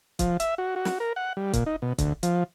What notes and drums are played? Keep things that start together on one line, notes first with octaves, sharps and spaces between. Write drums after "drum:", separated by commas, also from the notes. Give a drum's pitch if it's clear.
F3, drum: kick C#1, hi-hat
E5, drum: hi-hat
F#4
F#4
drum: snare
A#4
F#5
G3
A#2, drum: kick C#1, hi-hat
D#4
B2
D2, drum: kick C#1, hi-hat
F3, drum: hi-hat